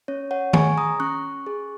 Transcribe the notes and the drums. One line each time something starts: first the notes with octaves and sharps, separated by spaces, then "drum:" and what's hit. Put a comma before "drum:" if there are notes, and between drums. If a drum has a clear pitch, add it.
C#4 C#5
C#5 F#5
G#4 G#5 C#6, drum: tom D#3
A#5 D#6
C#4 C#6 F#6
G#4